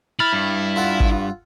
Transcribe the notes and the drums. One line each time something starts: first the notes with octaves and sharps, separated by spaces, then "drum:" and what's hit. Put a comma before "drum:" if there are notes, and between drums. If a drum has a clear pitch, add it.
E4 B5 F6 A6
G2
F4 A4 F#5
drum: kick